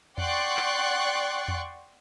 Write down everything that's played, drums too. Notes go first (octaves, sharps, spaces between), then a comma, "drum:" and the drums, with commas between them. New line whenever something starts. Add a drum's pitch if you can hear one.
D5 F#5 G5 C6 C#6 F#6, drum: tom E2
drum: clap
drum: tom E2